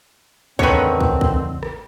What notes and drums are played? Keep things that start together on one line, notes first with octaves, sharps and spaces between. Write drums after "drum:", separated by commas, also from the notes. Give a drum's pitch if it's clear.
A1 E2 D3 D#3 C4 B4 C#5, drum: kick
drum: kick
drum: kick
drum: rim click